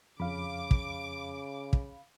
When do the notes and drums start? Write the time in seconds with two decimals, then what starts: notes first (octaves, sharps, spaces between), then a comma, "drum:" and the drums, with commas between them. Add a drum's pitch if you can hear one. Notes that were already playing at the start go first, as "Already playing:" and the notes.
0.20 F2 C#3 F5 B5 D6
0.71 drum: kick
1.73 drum: kick